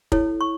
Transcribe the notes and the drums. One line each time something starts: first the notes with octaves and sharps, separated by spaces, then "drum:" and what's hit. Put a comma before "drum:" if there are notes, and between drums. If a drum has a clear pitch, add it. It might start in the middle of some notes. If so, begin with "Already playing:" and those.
E4 A4 C#5, drum: kick
C#6